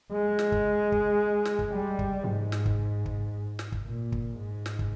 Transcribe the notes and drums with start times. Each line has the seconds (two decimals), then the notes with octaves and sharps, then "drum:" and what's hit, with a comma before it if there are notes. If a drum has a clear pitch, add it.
0.12 G#3
0.39 drum: snare
0.52 drum: kick
0.92 drum: kick
1.45 drum: snare
1.59 drum: kick
1.72 G3
1.99 drum: kick
2.25 G#2
2.52 drum: snare
2.66 drum: kick
3.06 drum: kick
3.59 drum: snare
3.72 drum: kick
3.86 A#2
4.12 drum: kick
4.39 G#2
4.66 drum: snare
4.79 drum: kick